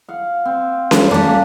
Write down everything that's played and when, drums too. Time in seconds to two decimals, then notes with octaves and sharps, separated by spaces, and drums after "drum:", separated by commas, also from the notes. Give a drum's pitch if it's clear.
0.09 F5 F#5
0.45 C4
0.91 drum: snare C#4
1.11 G3 A3 A#3 D4 G#5